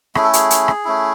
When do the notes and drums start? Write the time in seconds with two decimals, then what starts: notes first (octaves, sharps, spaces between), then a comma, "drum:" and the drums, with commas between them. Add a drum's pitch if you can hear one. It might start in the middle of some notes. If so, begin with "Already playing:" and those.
0.15 A3 C#4 E4 G#4, drum: rim click
0.24 A4
0.33 G#4, drum: hi-hat
0.50 drum: hi-hat
0.68 drum: rim click
0.85 A3 C#4 E4